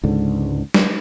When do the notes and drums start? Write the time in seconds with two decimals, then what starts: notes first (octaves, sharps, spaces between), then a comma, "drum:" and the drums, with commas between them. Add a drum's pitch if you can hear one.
0.04 C#2 G#2 D3
0.74 drum: snare